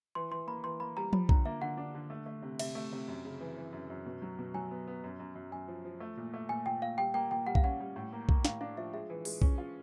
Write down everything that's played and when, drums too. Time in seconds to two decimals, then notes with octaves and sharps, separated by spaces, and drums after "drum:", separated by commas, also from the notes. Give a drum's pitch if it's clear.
0.15 E3 C6
0.31 E3 C6
0.47 A#3 B5
0.64 E3 C6
0.80 A#3 B5
0.97 G3 A#5
1.13 F3 B5, drum: tom F3
1.29 D3 A#5, drum: kick
1.45 A#3 E5
1.61 D3 F#5
1.77 D4
1.95 D3
2.10 A3
2.26 A3
2.42 C3
2.59 C3 E5, drum: cymbal
2.75 A3
2.92 C3
3.08 F#2
3.25 C#3
3.40 E3
3.57 E3
3.73 F#2
3.90 F#2
4.06 B2
4.22 F#3
4.39 B2
4.54 F#3 G#5
4.71 B3
4.87 B3
5.04 F#2
5.20 F#2
5.35 F#2
5.52 F#2 G#5
5.68 F3
5.85 F3
6.00 A3
6.17 A#2
6.34 A3
6.49 A#2 G#5
6.66 A#2 G5
6.82 A#2 F5
6.98 G3 G5
7.14 A#3 G5
7.31 A#2 G5
7.46 G3 F#5
7.55 F5, drum: kick
7.64 C#4 F#5
7.80 G3
7.96 A2
8.13 A#3
8.29 A#3, drum: kick
8.45 A2 F5, drum: snare
8.61 D4 F5
8.77 F3 E5
8.93 G#3 E5
9.10 E3
9.25 G#3, drum: open hi-hat
9.42 C#4, drum: kick
9.58 F4